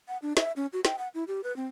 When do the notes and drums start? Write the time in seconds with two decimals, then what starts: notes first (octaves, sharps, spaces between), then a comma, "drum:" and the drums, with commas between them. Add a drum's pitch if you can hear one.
0.08 F#5
0.22 D4
0.37 E5, drum: snare
0.56 C#4
0.73 F#4
0.85 G5, drum: snare
0.98 F#5
1.14 E4
1.28 G4
1.44 B4
1.56 C4